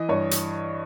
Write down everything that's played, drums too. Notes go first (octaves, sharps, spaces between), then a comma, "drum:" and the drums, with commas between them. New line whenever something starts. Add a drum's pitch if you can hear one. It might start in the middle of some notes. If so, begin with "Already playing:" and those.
Already playing: E3 D#5
G2 C#5
drum: hi-hat